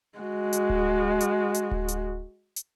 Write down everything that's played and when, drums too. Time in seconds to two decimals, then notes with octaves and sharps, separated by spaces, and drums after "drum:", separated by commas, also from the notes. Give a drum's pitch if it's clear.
0.19 G#3 F#4
0.53 drum: hi-hat
0.70 drum: kick D1
1.20 drum: hi-hat
1.54 drum: hi-hat
1.71 drum: kick D1
1.88 drum: hi-hat
2.56 drum: hi-hat